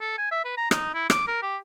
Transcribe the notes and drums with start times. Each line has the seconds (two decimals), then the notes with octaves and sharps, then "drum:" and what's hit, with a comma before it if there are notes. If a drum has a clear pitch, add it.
0.01 A4
0.18 G#5
0.32 E5
0.45 B4
0.57 A#5
0.71 D#4, drum: rim click
0.94 E4
1.10 D6, drum: rim click
1.28 A#4
1.42 G4